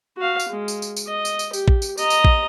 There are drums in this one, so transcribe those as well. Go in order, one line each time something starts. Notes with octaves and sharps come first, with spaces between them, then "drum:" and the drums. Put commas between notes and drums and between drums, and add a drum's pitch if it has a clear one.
F#4 F5
drum: tambourine
G#3
drum: tambourine
drum: tambourine
drum: tambourine
D#5
drum: tambourine
drum: tambourine
G4, drum: tambourine
drum: kick A1
drum: tambourine
D#5 A#5, drum: tambourine
drum: tambourine
drum: kick A1